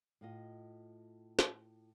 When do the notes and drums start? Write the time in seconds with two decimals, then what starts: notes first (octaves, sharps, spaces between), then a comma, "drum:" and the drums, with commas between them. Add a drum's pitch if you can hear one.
0.21 A2 F4 D#5
1.39 drum: snare